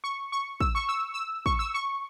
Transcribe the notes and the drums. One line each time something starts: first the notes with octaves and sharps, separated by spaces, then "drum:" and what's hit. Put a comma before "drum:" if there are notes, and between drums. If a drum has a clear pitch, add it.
C#6
C#6
E6, drum: kick
C#6
E6
E6
C#6, drum: kick
E6
C#6